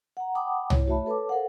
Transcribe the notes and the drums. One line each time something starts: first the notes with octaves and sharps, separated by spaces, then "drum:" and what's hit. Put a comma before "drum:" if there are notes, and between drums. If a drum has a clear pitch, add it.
F#5 A#5
F#5 G5 A5 B5 D6 D#6
E4 C#5, drum: tom
A3 F#4 C#5 E5 A5 B5
A4 B4 C#5 A5 D6
A4 A#4 C5 F5 F#5